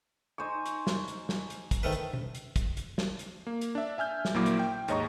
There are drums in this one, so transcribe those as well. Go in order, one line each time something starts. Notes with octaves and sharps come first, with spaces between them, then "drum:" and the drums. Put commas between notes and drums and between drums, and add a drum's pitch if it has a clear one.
D#4 C5 G#5 C#6
drum: hi-hat
drum: snare
drum: hi-hat
drum: snare
drum: hi-hat
drum: kick, hi-hat
D#3 A3 B4 C5 E5 F6
drum: hi-hat
drum: tom B2
drum: hi-hat
drum: kick, hi-hat
drum: hi-hat
drum: snare
drum: hi-hat
A#3
drum: hi-hat
D4 E5
E5 G#5 F6 G6
drum: snare
A#1 F#3 A#3 E4 D6
drum: hi-hat
G5
D#2 G#2 C#5 D#5 A#5 C#6, drum: hi-hat